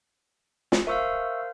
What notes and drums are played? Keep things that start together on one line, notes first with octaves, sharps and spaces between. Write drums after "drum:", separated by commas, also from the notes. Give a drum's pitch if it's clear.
drum: snare
A#4 C5 E5 F5 C#6 E6